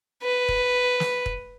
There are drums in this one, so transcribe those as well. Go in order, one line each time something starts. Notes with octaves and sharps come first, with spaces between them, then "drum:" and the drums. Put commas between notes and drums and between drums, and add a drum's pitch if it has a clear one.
B4
drum: kick
drum: snare
drum: kick